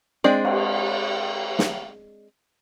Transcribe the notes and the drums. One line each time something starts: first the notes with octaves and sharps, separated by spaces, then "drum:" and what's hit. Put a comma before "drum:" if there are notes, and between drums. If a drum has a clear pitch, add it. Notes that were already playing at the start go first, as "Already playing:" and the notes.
G#3 C4 D4 D5
drum: cymbal
drum: snare